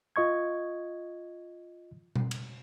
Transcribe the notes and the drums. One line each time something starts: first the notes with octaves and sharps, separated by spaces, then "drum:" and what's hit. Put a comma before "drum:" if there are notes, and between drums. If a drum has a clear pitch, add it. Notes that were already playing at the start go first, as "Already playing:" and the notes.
F4 D#5 C#6 G#6
drum: tom B2
drum: cymbal